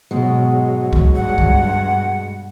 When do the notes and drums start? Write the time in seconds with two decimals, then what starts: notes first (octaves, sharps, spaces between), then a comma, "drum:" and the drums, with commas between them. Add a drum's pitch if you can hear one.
0.11 G#2 B2 F#3 G#3
0.93 drum: kick
1.15 G2 F#5
1.38 drum: kick